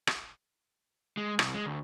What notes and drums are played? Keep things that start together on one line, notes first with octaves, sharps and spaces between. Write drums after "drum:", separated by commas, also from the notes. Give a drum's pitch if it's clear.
drum: rim click
G#3
C2, drum: rim click
G#3
D2